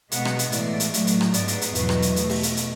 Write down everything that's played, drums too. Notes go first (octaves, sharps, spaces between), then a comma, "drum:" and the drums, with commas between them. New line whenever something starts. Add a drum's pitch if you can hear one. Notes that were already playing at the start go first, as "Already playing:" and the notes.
B2 G#3 B3 F#5, drum: hi-hat
drum: rim click
drum: hi-hat
A2 E3 G#3 D5, drum: hi-hat
drum: hi-hat
A2 F#3 A3, drum: hi-hat
drum: hi-hat
drum: rim click
G#2 G#3 B3 D5, drum: hi-hat
drum: hi-hat
drum: hi-hat
E2 B2 F#3 B4, drum: hi-hat
drum: rim click
drum: hi-hat
B2 A3, drum: hi-hat
drum: open hi-hat
drum: hi-hat
drum: hi-hat